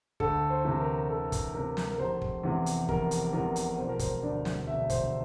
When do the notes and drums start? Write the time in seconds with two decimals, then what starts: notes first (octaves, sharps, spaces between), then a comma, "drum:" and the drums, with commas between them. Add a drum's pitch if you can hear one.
0.20 D2 A4, drum: kick
0.50 C5
0.65 C3 E3
0.80 A#4
1.10 D2 A4
1.32 drum: kick, hi-hat
1.54 C3 E3 A#4
1.77 drum: snare
1.92 A#4
1.99 F1 C5
2.22 drum: kick
2.43 E2 C3 E3
2.66 drum: hi-hat
2.89 F1 A#4, drum: kick
3.11 drum: hi-hat
3.33 E2 C3 E3 A#4
3.56 drum: hi-hat
3.78 E1 C5
3.89 A#4
3.99 C5, drum: kick, hi-hat
4.23 D2 D3 D5
4.45 drum: snare
4.67 E1 E5
4.90 C5, drum: kick, hi-hat